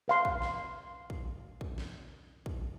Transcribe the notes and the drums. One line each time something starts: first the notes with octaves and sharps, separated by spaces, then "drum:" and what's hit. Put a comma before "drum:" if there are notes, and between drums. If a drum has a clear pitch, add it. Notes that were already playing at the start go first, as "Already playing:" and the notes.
B4 F5 C6
drum: kick
drum: snare
drum: kick
drum: kick
drum: snare
drum: kick